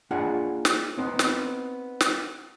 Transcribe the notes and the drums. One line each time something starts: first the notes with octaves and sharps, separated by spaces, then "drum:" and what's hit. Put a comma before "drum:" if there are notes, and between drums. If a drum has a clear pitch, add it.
A#3 D4 F4 G#4 F#5
drum: snare
B3 C4 D#4
drum: snare
drum: snare